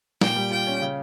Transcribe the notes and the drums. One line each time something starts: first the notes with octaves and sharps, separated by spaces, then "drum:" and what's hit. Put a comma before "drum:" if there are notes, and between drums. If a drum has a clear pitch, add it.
A#2 G5, drum: snare
G3
F4 G5
C#4
C#3